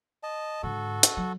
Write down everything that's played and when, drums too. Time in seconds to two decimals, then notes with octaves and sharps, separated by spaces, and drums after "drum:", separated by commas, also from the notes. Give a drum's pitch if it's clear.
0.23 D#5 A5
0.63 G#2 D3 F#4 A4
1.03 drum: hi-hat
1.17 F#3